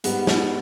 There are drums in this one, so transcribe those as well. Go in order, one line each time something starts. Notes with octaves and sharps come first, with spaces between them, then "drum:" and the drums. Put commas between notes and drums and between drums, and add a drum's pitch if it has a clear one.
G#2 G3 B3, drum: hi-hat
drum: snare